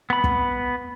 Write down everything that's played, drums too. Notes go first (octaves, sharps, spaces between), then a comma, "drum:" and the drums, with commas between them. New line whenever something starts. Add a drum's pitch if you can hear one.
B3 B5
drum: kick